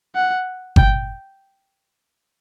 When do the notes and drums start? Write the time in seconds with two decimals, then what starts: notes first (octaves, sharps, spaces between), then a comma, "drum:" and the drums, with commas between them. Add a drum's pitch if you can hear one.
0.15 F#5
0.76 G5, drum: kick G1